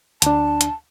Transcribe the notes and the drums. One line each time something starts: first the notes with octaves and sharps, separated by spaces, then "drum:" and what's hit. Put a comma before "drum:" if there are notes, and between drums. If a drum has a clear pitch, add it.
D2 D4 A5, drum: hi-hat
drum: hi-hat